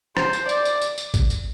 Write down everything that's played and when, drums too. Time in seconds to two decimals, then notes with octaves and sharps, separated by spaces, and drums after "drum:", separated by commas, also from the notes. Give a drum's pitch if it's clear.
0.17 C5, drum: rim click
0.33 drum: tambourine
0.49 D5, drum: tambourine
0.65 drum: tambourine
0.82 drum: tambourine
0.98 drum: tambourine
1.14 drum: kick, tambourine
1.30 drum: tambourine